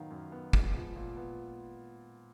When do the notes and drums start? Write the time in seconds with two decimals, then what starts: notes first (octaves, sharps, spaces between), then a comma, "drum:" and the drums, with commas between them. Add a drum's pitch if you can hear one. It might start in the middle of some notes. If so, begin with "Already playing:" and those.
Already playing: F#2 D#3 F#3 B3 F5
0.11 F#2
0.32 B3
0.53 G#3, drum: kick
0.74 F3
0.96 A#2
1.17 B3